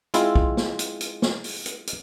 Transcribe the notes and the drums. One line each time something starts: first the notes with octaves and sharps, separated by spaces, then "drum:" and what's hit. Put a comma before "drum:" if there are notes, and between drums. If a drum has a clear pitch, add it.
G#3 C4 E4 F4, drum: hi-hat
drum: kick
drum: snare
drum: hi-hat
drum: hi-hat
drum: snare
drum: open hi-hat
drum: hi-hat
drum: hi-hat